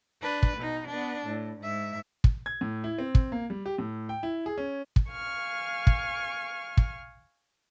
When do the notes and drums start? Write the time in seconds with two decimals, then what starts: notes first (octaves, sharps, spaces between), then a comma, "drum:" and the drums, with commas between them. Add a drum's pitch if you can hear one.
0.21 D4 B4
0.43 drum: kick
0.58 B2 D#4
0.88 B3 D4
1.27 A2
1.62 G#2 E5
2.24 drum: kick
2.46 G#6
2.61 A2
2.84 E4
2.98 C4
3.15 drum: kick
3.32 A#3
3.50 G3
3.66 G4
3.78 A2
4.09 G5
4.23 E4
4.46 G#4
4.58 C#4
4.96 drum: kick
5.11 F5 G#5 C#6 F6
5.87 drum: kick
6.77 drum: kick